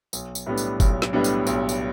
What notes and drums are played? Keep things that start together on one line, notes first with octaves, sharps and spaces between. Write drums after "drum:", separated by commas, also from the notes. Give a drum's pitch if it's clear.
B1, drum: tambourine
drum: tambourine
A2 G3 B3 D4
drum: tambourine
B1, drum: kick F#1, tambourine
drum: snare
A2 G3 B3 D4
drum: tambourine
B1, drum: tambourine
drum: tambourine